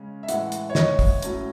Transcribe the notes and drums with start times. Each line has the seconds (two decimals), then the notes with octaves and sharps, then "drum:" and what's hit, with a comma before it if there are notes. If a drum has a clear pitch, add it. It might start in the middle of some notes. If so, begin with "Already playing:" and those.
Already playing: C#3 G#3 C#4
0.23 E5
0.28 A2 E3 G#3 F#5, drum: hi-hat
0.52 drum: hi-hat
0.70 C#5
0.75 D#5, drum: snare
0.99 drum: kick, open hi-hat
1.22 A2 F#3 A3 C#4, drum: hi-hat